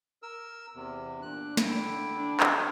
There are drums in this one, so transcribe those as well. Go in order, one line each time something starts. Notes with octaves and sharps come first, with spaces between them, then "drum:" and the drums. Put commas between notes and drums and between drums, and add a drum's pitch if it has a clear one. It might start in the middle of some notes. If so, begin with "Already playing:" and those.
A#4 E6
E2 C3
A#2 D4 F#6
D3 E4 G5, drum: snare
D4
drum: clap